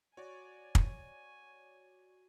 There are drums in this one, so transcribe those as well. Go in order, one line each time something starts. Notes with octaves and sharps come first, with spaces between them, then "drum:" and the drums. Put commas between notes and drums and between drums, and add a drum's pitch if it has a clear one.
F#4 C#5 D5 G#5
drum: kick